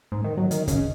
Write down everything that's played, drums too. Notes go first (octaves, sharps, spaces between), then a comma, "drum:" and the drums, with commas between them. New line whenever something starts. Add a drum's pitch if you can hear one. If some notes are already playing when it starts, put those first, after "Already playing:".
G#2
D#3
F#3
D#3, drum: hi-hat
C#3, drum: kick, hi-hat